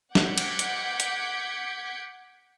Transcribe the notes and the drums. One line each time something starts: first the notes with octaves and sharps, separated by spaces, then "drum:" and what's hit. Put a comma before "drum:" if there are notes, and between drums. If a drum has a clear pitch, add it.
F#5 D6 G6 G#6 B6 C#7, drum: snare
drum: cymbal
drum: hi-hat
drum: hi-hat